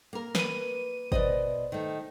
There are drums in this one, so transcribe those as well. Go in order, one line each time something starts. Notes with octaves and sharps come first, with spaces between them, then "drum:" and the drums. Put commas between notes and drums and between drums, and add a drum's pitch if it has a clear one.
A#3 A#4
B4 D#7, drum: snare
B2 C5 D5 D#5, drum: kick G1
D#3 A3